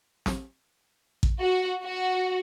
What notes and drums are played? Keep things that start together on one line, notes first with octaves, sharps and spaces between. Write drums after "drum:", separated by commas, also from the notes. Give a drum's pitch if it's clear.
drum: snare
drum: kick A1
F#4
F#4